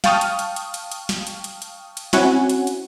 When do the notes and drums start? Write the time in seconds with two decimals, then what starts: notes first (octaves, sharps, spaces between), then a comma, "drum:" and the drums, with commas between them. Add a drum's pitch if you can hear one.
0.04 F5 G5 A5 C#6 D#6 F6, drum: snare
0.21 drum: hi-hat
0.39 drum: hi-hat
0.56 drum: hi-hat
0.74 drum: hi-hat
0.92 drum: hi-hat
1.09 drum: snare
1.27 drum: hi-hat
1.44 drum: hi-hat
1.62 drum: hi-hat
1.97 drum: hi-hat
2.13 C4 C#4 E4 F#4 F#5 G#5, drum: snare
2.50 drum: hi-hat
2.67 drum: hi-hat